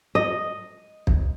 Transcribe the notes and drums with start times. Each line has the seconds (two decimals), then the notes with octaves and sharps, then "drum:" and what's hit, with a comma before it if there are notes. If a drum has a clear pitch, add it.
0.15 D#5
1.07 drum: kick